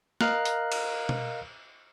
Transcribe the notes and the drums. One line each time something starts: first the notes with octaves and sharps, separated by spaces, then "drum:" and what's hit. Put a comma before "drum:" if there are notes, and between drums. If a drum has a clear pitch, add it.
A#4 D#5 F5 A#5 F6 F#6, drum: snare
drum: hi-hat
drum: cymbal
drum: tom B2